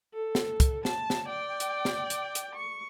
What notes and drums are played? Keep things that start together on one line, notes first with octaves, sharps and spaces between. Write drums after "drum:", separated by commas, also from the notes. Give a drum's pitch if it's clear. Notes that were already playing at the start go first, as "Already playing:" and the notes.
A4
drum: snare
drum: kick, hi-hat
A5, drum: snare
drum: snare
D5 G5
drum: hi-hat
drum: snare
drum: hi-hat
drum: hi-hat
C#6